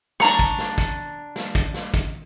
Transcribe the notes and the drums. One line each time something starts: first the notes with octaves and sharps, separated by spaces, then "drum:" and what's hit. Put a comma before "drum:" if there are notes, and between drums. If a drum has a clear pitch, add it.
D4 A#5 C#6, drum: snare
drum: kick, hi-hat
drum: snare
drum: kick, hi-hat
drum: snare
drum: kick, hi-hat
drum: snare
drum: kick, hi-hat